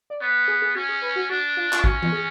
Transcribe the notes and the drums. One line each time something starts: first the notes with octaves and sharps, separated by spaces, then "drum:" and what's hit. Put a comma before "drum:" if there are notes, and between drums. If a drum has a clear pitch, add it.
D5
B3 C#5
G#4
G#4
C#4 F#4
G#4
B4
F#4
D4 F#4
F4
F4, drum: clap
C#4 F#4, drum: kick
F4, drum: tom E3
G#4